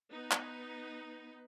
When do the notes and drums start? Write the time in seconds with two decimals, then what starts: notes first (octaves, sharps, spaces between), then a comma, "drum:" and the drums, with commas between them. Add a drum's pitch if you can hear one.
0.11 B3 D#4 B4
0.32 drum: clap